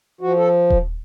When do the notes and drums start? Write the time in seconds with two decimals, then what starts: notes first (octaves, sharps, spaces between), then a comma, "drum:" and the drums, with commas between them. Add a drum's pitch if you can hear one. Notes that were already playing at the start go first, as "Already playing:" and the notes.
0.21 F3 F#4
0.37 A4
0.70 drum: kick D#1